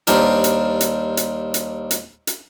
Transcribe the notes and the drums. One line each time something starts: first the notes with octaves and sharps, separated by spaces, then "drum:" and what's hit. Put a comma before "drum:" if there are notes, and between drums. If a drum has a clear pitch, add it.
D#2 G3 C4 D4 A#4, drum: hi-hat
drum: hi-hat
drum: hi-hat
drum: hi-hat
drum: hi-hat
drum: hi-hat
drum: hi-hat